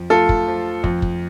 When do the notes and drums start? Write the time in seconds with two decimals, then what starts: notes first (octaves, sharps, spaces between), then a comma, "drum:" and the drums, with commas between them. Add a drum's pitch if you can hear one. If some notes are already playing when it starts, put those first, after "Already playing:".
Already playing: F2 F3
0.10 A3 F4 A4
0.29 drum: kick
0.48 F3
0.84 F2, drum: kick
1.02 drum: kick